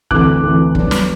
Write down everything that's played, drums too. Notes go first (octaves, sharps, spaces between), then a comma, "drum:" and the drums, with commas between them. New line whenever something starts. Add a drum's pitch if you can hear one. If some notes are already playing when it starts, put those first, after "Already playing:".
D2 C3 E3 D6 F#6, drum: kick
D2 C3 E3
B2 F#3 B3 D4, drum: kick
drum: snare